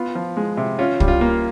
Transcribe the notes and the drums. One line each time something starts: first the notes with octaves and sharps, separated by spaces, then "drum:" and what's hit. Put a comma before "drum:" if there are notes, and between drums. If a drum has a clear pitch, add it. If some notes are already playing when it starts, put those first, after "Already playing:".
Already playing: B3 F4
F3
G#3
C3
C#4 F4
G3, drum: kick
F4
A#3